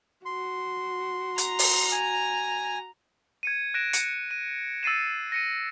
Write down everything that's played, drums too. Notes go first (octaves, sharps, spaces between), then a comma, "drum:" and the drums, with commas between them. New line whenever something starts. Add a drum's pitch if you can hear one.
F#4 C6
A#5, drum: hi-hat
drum: open hi-hat
G#5
G#6 C#7 D#7
F#6 A#6 D7 E7
C#7, drum: hi-hat
D#7
E6 A6 C7 D#7 E7
A#6 C#7 D#7